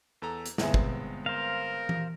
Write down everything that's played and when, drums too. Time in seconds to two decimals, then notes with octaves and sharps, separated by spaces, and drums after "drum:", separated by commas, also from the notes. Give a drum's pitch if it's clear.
0.22 E2 A4 A#5
0.46 drum: hi-hat
0.58 G1 G#3 B3 C4 E5 G#5, drum: snare
0.74 drum: kick
1.26 A#4 C5 F5
1.89 drum: tom E3